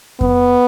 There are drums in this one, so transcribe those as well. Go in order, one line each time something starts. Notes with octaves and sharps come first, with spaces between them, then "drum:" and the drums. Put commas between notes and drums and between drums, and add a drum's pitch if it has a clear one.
B3, drum: kick F2